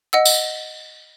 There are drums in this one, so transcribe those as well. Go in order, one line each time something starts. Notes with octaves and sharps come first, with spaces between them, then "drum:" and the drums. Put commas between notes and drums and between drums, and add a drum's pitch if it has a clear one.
D#5 F#5 E6
drum: tambourine